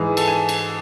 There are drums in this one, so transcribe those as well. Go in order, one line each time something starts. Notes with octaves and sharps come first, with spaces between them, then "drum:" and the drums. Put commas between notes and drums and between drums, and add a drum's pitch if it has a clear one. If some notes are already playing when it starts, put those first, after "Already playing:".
Already playing: G#2 E3 G#4
A4, drum: cymbal
G#5
drum: cymbal